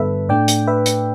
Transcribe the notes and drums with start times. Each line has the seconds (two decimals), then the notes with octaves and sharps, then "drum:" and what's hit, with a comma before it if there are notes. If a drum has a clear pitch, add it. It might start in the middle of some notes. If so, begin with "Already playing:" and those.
Already playing: G2 D3 G3 B3 A4 B4 E5
0.29 A2 A3 D4 D5 G5
0.48 drum: hi-hat
0.67 B4 E5
0.86 drum: hi-hat